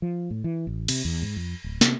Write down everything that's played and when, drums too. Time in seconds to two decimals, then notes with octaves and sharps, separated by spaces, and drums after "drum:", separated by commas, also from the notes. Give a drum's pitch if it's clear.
0.02 F3
0.31 A2
0.44 E3
0.67 A1
0.88 C3, drum: cymbal
1.05 E2
1.22 G#2
1.36 F2
1.64 D1
1.81 C3, drum: snare